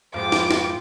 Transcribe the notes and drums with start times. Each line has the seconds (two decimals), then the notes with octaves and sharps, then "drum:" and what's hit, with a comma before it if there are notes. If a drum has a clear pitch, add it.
0.14 F2 G#2 F3 F4 C5 G5 D6
0.32 drum: snare
0.51 drum: snare